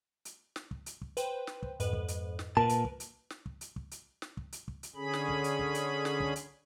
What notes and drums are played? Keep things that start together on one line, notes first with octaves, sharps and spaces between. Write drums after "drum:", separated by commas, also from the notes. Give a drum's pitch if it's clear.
drum: hi-hat
drum: snare
drum: kick
drum: hi-hat
drum: kick
B4 C5 G5, drum: hi-hat
drum: snare
drum: kick
F2 G#2 B4, drum: hi-hat
drum: kick
drum: hi-hat
drum: snare
A#2 A#4 B4 A5, drum: kick
drum: hi-hat
drum: kick
drum: hi-hat
drum: snare
drum: kick
drum: hi-hat
drum: kick
drum: hi-hat
drum: snare
drum: kick
drum: hi-hat
drum: kick
drum: hi-hat
D3 C#4 G#4 B5
drum: snare
drum: kick
drum: hi-hat
drum: kick
drum: hi-hat
drum: snare
drum: kick
drum: hi-hat